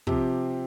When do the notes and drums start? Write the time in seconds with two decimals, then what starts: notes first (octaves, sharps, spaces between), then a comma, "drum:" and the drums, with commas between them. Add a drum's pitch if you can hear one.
0.07 C3 F3 C4 G4, drum: kick